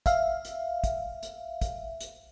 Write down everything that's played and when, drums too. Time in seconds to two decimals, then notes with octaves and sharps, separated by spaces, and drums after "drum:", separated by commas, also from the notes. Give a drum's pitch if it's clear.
0.06 E5 F5, drum: kick, hi-hat
0.45 drum: hi-hat
0.84 drum: kick, hi-hat
1.23 drum: hi-hat
1.61 drum: kick, hi-hat
2.00 drum: hi-hat